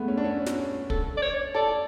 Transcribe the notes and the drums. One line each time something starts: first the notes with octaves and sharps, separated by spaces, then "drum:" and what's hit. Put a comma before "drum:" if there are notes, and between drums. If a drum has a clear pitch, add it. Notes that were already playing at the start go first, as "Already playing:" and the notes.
Already playing: G#3 A3 B3
C#4
D4
C#4
drum: snare
A4, drum: kick
D5
C#5
A4 D5